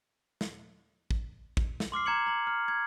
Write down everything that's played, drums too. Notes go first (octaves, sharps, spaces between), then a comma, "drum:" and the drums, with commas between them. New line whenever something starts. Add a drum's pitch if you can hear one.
drum: snare
drum: kick
drum: kick
drum: snare
C6 D6 F6 C7
A#5 G#6 C#7 F#7
A#5 F#7
F6
G#6